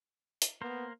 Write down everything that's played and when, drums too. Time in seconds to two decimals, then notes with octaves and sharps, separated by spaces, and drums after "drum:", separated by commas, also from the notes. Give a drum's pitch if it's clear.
0.42 drum: hi-hat
0.62 A#3 B3 A#4 C5